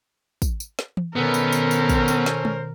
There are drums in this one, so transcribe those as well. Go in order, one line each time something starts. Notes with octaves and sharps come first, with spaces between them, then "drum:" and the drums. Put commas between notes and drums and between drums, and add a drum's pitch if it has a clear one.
drum: kick, tambourine
drum: tambourine
drum: snare
drum: tom E3
B2 D#3 B3 C#4 A4 A#4 C5
drum: tambourine
drum: tambourine
drum: tambourine
drum: kick, tambourine
drum: tambourine
drum: snare
drum: tom